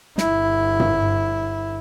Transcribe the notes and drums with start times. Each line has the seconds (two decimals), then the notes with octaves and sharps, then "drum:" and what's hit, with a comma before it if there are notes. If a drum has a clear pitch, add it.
0.18 G1 E4, drum: snare
0.80 drum: tom